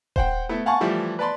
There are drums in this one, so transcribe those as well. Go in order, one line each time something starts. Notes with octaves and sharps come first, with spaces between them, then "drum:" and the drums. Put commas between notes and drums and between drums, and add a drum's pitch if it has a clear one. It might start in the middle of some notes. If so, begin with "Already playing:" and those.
C5 F#5 G5, drum: kick D#1
A3 B3 E4
F5 F#5 G#5 A5 C#6
E3 F3 G3 A3 E4
B4 D5 A5 B5 C6